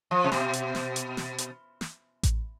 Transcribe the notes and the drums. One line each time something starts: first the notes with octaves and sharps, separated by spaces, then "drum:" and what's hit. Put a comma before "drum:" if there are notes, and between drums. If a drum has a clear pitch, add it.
F3
C3
B2, drum: snare
drum: hi-hat
drum: snare
drum: hi-hat
drum: snare
drum: hi-hat
drum: snare
drum: kick A1, hi-hat